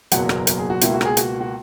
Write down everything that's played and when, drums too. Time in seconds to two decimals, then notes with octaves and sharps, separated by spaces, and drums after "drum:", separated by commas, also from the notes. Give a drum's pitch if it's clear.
0.12 F#1 E2 B2 F#3 A#3 F#5, drum: hi-hat
0.29 A#4, drum: rim click
0.47 A#4, drum: hi-hat
0.58 G#4
0.70 F#4
0.81 C#2 B2 A#3 E4, drum: hi-hat
0.94 F#4
1.01 A#4, drum: rim click
1.05 G#4
1.17 F#4, drum: hi-hat
1.41 F#4